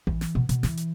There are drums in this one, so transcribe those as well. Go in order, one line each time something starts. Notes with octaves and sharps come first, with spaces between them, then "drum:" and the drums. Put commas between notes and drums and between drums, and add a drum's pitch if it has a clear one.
E3, drum: kick A1
drum: snare
B2
B2, drum: hi-hat
E3, drum: snare
drum: hi-hat